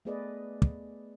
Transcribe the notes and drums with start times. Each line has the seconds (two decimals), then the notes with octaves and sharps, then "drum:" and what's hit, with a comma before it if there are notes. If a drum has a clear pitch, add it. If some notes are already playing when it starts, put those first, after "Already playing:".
0.05 A3 B3 G#4 B4 D5 D#5
0.62 drum: kick